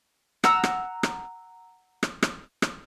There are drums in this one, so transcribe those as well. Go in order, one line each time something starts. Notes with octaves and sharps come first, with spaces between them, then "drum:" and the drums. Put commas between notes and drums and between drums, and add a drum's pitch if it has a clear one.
F#5 A#5 E6, drum: rim click
drum: rim click
drum: rim click
drum: rim click
drum: rim click
drum: rim click